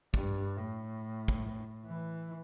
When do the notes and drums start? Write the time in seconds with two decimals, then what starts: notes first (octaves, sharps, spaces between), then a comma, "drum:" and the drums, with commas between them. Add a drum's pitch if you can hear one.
0.14 G2, drum: kick
0.56 A2
1.28 drum: kick
1.86 E3